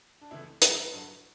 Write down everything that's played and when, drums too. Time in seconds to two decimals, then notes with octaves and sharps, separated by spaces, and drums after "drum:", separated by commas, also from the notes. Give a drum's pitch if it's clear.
0.21 D4
0.31 C#2 C#3 E3 A3 E4
0.62 G2 D3 F#3 A3 E4, drum: hi-hat
0.92 G2 D3 F#3